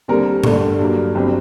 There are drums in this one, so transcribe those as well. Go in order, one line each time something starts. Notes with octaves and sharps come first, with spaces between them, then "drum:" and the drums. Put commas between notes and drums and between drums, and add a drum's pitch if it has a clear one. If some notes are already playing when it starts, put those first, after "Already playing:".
D#2 D3 G3 C4 A#4
G1 G2 D3 A3, drum: tom A2
G2 F#3 A#3
G1 F#3 C4 G4